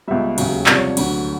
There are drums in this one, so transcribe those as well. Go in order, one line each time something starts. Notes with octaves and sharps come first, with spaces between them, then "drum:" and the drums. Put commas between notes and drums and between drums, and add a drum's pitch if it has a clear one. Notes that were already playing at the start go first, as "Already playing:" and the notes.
C#2 B2 G3 E5
E1 D#2 C#3 F#3, drum: cymbal
C2 C3 F3 D5, drum: clap
C#5
D5
D2 D3 F#3, drum: cymbal